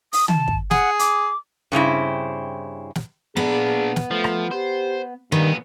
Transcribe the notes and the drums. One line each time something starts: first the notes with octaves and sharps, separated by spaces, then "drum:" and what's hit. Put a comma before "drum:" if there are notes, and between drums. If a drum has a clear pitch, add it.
D#6, drum: open hi-hat
A5, drum: tom
drum: kick
G#4 F#5, drum: snare
D6, drum: hi-hat
G2 C#3 C4 E4
drum: snare
A#2 B3 D4 G#4
drum: snare
F3 A3
drum: rim click
G4 C5
G2 A#2 D#3 B3